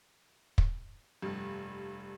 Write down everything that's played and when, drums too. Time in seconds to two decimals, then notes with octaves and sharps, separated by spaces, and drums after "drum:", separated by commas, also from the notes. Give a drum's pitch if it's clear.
0.58 drum: kick
1.22 F1 G2